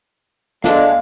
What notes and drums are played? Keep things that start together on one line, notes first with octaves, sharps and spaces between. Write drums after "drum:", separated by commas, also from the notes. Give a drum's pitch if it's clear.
G#3 D4 A4 D5 D#5 F5, drum: snare